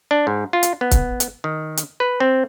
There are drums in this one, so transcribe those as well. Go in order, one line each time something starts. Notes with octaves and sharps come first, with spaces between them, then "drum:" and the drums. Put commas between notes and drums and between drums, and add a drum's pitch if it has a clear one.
D4
G#2
F4
drum: hi-hat
B3
drum: kick, hi-hat
drum: hi-hat
D#3
drum: hi-hat
B4
C4